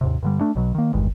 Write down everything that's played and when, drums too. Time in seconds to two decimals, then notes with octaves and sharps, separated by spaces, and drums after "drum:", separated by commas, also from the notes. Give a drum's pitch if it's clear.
0.01 D#2 G#2 C3
0.23 G2 D3 G3
0.41 A3 D4
0.55 B1 B2 F#3
0.75 D#3 A#3
0.93 E2 G2 D#3 G#3, drum: kick